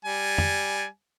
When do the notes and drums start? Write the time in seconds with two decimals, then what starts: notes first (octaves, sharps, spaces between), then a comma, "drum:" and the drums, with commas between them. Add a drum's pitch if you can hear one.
0.05 G3 G#5
0.38 drum: tom F2